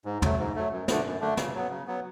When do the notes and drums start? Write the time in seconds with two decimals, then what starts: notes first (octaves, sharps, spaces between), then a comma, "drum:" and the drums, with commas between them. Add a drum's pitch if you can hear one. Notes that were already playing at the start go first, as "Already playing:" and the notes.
0.05 G#2
0.22 F#3 A3, drum: tom
0.39 G#2
0.56 F#3 A3
0.72 F#2
0.88 D3 A3 D4, drum: snare
1.04 F#2
1.21 D3 A3 D4
1.37 C#3, drum: snare
1.54 F#3 B3
1.70 C#3
1.87 F#3 B3